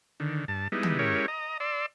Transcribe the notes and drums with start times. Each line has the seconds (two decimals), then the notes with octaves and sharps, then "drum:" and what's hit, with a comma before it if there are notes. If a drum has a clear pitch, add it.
0.20 D3 D#3
0.48 G2 A5
0.72 G3 G#3 B3 D#4 E4
0.83 drum: tom
0.99 G#3 C#4 E4 G4 A#4 C#5
1.28 D#5 A#5
1.60 D5 C6 E6